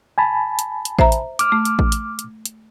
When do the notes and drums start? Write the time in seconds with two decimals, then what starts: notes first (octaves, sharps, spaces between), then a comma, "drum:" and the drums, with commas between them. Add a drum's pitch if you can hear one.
0.18 G#5 A5 B5
0.59 drum: hi-hat
0.85 drum: hi-hat
0.99 C5 E5 A#5, drum: kick A1
1.12 drum: hi-hat
1.39 D6 F6, drum: hi-hat
1.52 A3
1.65 drum: hi-hat
1.79 drum: kick A1
1.92 drum: hi-hat
2.19 drum: hi-hat
2.45 drum: hi-hat